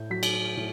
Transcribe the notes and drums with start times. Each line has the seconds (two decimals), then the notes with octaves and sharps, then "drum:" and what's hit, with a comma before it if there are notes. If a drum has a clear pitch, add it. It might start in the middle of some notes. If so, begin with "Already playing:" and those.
Already playing: A2 A3 G6
0.10 F#3 B6
0.23 drum: cymbal
0.57 A2